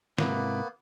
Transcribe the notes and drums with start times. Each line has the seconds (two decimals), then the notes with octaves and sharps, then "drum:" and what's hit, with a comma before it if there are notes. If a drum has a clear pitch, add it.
0.18 G#2 C3 A#3 B3 E4, drum: snare